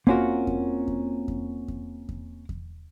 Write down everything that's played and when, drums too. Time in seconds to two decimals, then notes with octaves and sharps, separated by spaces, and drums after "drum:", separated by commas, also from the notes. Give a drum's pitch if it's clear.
0.07 A#3 C4 C#4 F4 F#4 A#4, drum: kick E2
0.47 drum: kick E2
0.88 drum: kick E2
1.28 drum: kick E2
1.68 drum: kick E2
2.09 drum: kick E2
2.49 drum: kick E2